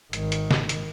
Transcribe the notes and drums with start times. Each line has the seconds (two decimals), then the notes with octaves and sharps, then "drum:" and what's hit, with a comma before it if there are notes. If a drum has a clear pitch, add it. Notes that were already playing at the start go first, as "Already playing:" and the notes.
0.13 G#1 D#3, drum: hi-hat
0.32 drum: hi-hat
0.51 drum: snare
0.69 drum: hi-hat